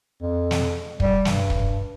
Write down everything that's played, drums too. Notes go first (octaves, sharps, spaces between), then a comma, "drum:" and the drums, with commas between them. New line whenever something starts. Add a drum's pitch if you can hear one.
F2
drum: snare
G3, drum: kick
G2, drum: snare
drum: kick